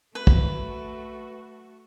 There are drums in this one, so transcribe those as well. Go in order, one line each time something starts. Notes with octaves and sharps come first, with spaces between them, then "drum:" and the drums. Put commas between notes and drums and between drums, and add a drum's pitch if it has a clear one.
A3 F#4 B4
drum: kick